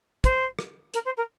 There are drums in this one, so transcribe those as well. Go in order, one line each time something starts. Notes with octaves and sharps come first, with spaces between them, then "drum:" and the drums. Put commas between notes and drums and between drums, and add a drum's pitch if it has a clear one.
C5, drum: kick, hi-hat
drum: rim click
A#4, drum: hi-hat
C5
A#4